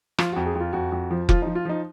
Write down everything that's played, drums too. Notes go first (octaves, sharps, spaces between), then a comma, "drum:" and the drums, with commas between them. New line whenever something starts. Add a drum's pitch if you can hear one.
F3 F4, drum: rim click
F2 F#4
G#4
F2 F4
F2 F#4
F2
F3
F3 F4, drum: kick F1
F3 D#4
F4
F3 D#4